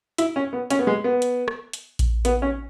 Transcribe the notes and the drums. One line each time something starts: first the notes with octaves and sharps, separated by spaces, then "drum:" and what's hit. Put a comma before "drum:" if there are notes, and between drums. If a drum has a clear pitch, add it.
E4, drum: hi-hat
C#4
B3
C#4, drum: hi-hat
B3
G#3
B3
drum: hi-hat
drum: rim click
drum: hi-hat
drum: kick A#1, hi-hat
B3, drum: hi-hat
C#4